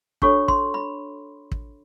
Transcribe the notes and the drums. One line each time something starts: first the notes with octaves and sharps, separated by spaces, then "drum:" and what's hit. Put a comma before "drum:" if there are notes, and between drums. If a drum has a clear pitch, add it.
D4 F#4 A4 C#5 C#6, drum: kick
C6, drum: kick
B5
drum: kick